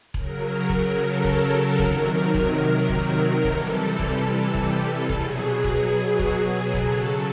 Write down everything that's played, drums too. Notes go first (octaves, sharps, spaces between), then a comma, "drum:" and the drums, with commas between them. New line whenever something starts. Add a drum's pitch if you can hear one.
C#3 F#3 A#4, drum: kick E1
drum: kick E1
A4
drum: kick E1
A#4
C3 D#3 F#3 A#4, drum: kick E1
drum: kick E1
drum: kick E1
C3 E3 G3 A4, drum: kick E1
drum: kick E1
A4
drum: kick E1
B2 F#3 G#4, drum: kick E1
drum: kick E1
drum: kick E1
C#3 F#3 A4, drum: kick E1